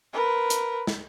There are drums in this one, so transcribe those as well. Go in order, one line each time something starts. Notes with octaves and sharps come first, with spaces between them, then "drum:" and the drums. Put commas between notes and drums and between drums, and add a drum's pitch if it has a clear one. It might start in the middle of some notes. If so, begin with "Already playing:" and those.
A#4 B4
drum: hi-hat
drum: snare